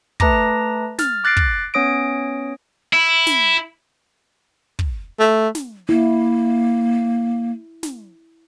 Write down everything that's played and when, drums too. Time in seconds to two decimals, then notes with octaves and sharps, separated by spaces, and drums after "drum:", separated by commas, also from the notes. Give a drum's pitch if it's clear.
0.20 A3 B4 A5 A#5 D6 A#6, drum: kick
0.99 F6 A6, drum: snare
1.24 D6 F#6 A6 A#6 C7 D7
1.37 drum: kick
1.74 B3 C#4 C#5 D#6 A#6 D7
2.93 E4
3.27 drum: snare
4.79 drum: kick
5.19 A3
5.55 drum: snare
5.89 A#3 E4
7.83 drum: snare